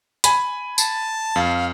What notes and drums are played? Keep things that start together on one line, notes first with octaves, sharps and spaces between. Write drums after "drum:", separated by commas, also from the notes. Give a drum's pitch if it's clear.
G#5 B5, drum: hi-hat
A5, drum: tambourine
F2 F5